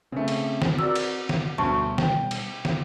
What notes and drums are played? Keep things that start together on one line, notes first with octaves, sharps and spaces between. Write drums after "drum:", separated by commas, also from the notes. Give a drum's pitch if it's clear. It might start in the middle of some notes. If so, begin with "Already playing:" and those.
C#3 A3 C4
drum: cymbal
drum: snare
F#4 A#4 D5 E6
drum: cymbal
drum: snare
D2 B2 G3 B3 A5 C#6
G5, drum: snare
drum: cymbal
drum: snare